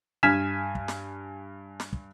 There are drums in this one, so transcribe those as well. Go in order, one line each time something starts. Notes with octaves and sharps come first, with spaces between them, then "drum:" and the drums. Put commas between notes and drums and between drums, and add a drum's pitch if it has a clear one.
G2 G#5 F6 G#6 B6 E7
drum: kick
drum: snare
drum: snare
drum: kick